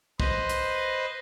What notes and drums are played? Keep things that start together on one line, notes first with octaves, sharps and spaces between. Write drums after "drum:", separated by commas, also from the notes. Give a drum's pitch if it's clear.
B4 C5 D#5, drum: kick
drum: hi-hat